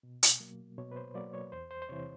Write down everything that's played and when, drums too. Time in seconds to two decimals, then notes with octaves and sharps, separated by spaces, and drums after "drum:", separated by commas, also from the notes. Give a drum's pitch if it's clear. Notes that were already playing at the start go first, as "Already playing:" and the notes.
0.03 B2
0.23 drum: hi-hat
0.40 F#3 A#3
0.78 B2 C#5
0.92 B4
0.96 C5
1.15 F#3 A#3 D5
1.33 C#5
1.52 E2 C5
1.71 C5
1.82 C5
1.89 C3 E3 C#5